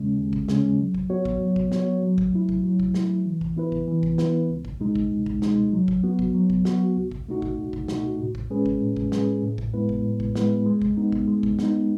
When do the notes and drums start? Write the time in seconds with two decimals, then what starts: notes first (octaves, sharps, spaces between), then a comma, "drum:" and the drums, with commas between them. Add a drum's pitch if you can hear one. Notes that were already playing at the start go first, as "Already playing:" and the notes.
Already playing: D#2 C#3 G#3 C#4
0.18 D#2
0.33 drum: kick
0.48 C#3 G#3 C#4, drum: snare
0.79 F#3
0.95 drum: kick
1.10 B3 F#4 C#5
1.25 drum: kick
1.41 F#3
1.56 drum: kick
1.72 B3 F#4 C#5, drum: snare
2.03 F#3
2.18 drum: kick
2.33 A3 E4
2.49 drum: kick
2.64 F#3
2.80 drum: kick
2.94 A3 E4, drum: snare
3.26 E3
3.41 drum: kick
3.56 B3 E4 B4
3.72 drum: kick
3.88 E3
4.03 drum: kick
4.18 B3 E4 B4, drum: snare
4.49 C#2
4.65 drum: kick
4.80 B2 G#3 D#4
4.96 drum: kick
5.11 C#2
5.26 drum: kick
5.42 B2 G#3 D#4, drum: snare
5.73 F#3
5.88 drum: kick
6.04 B3 F#4
6.19 drum: kick
6.35 F#3
6.50 drum: kick
6.65 B3 F#4, drum: snare
6.96 C#2
7.11 drum: kick
7.27 B2 A3 D#4 F#4
7.42 drum: kick
7.58 C#2
7.73 drum: kick
7.88 B2 A3 D#4 F#4, drum: snare
8.19 A2
8.35 drum: kick
8.50 G#3 C#4 G#4 B4
8.66 drum: kick
8.81 A2
8.97 drum: kick
9.12 G#3 C#4 G#4 B4, drum: snare
9.43 A2
9.58 drum: kick
9.74 G#3 B3 E4 B4
9.89 drum: kick
10.04 A2
10.20 drum: kick
10.35 G#3 B3 E4 B4, drum: snare
10.66 G#3
10.82 drum: kick
10.97 B3 D#4
11.12 drum: kick
11.28 G#3
11.43 drum: kick
11.59 B3 D#4, drum: snare